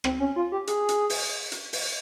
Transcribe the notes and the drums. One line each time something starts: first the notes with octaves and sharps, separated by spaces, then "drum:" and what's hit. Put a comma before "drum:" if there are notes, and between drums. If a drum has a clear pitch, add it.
C4, drum: rim click
C#4
F4
G4
G#4, drum: hi-hat
drum: hi-hat
drum: open hi-hat
drum: hi-hat
drum: open hi-hat